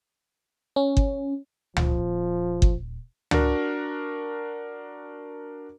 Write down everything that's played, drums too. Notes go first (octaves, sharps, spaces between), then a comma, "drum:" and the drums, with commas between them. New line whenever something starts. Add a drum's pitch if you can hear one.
C#4
drum: kick G1
D#1 F3, drum: tom
drum: kick G1
D4 F#4 A#4, drum: tom